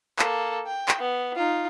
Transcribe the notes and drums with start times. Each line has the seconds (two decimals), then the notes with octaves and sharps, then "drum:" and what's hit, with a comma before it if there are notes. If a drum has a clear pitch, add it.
0.19 A#3 A4, drum: clap
0.67 G5
0.88 drum: clap
0.99 B3
1.35 D#4 F4